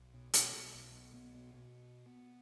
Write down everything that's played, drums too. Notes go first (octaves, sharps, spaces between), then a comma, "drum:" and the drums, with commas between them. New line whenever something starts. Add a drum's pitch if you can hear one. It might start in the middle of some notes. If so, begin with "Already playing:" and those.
Already playing: B1 B3
B2
B2, drum: hi-hat
B2
B1
B2
B1 B3
B2
B2